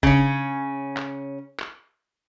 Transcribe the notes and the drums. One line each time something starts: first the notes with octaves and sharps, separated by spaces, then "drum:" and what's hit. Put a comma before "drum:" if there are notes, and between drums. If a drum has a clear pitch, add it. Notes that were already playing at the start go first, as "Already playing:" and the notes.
C#3 C#4, drum: kick F#1
drum: clap
drum: clap